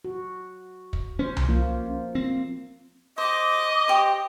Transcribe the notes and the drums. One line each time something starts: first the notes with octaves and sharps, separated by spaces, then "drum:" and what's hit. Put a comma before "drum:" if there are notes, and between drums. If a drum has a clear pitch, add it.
F#4
drum: kick
C#4 C5
drum: tom C2
F3 A#3 F4
C4
C5 D#5 D6
G4 C5